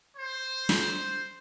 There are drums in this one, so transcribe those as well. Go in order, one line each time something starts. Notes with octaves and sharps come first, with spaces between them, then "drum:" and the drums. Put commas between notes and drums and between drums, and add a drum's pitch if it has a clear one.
C5
drum: snare